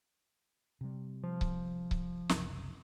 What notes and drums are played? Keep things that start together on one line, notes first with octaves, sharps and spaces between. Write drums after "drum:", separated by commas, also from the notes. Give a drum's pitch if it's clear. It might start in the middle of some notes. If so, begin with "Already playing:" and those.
C3 G3
F3
drum: kick C#1
drum: kick C#1
F#1 C2, drum: snare